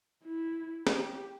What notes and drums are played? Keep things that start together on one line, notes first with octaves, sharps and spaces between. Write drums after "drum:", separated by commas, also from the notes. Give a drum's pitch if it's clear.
E4
G4, drum: snare